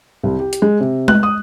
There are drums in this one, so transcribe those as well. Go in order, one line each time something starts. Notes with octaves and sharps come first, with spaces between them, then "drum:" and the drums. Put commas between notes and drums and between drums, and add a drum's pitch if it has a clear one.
C2
G4
drum: hi-hat
G#3
C3
F#6, drum: tom G#3
D#6